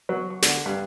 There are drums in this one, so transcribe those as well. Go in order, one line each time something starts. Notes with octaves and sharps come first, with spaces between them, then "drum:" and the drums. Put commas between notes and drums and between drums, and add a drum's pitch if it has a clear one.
F#3
C#6
D3, drum: snare
G2